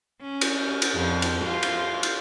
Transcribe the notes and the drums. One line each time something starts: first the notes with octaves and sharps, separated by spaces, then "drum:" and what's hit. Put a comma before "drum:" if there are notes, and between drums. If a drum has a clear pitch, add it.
C#4
drum: cymbal
drum: cymbal
F2
drum: cymbal
F4
drum: cymbal
drum: cymbal